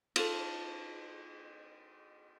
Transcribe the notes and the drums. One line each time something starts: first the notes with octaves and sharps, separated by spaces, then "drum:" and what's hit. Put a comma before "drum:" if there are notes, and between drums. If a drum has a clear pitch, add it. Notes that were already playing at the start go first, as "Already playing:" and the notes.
F4 A4, drum: cymbal